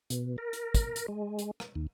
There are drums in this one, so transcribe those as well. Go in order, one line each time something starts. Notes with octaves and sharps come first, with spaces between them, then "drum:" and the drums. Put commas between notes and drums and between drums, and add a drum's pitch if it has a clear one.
B2, drum: hi-hat
A#4
drum: hi-hat
drum: kick, hi-hat
drum: hi-hat
G#3
drum: hi-hat
drum: rim click
D#2